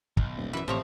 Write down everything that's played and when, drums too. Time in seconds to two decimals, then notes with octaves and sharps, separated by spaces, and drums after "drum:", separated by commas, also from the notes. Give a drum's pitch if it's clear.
0.17 B1, drum: kick
0.36 D#1
0.53 F#2 E3 B4 E5
0.68 A1 C3 F3 C4 C5 C#5 E5 A#5